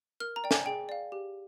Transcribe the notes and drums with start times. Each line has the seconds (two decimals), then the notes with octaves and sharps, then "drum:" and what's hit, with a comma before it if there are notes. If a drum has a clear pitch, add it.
0.20 A#4 F6
0.36 A#5
0.44 D5 G5
0.51 G#5, drum: snare
0.66 G#4 G5
0.89 D5 F5
1.12 G4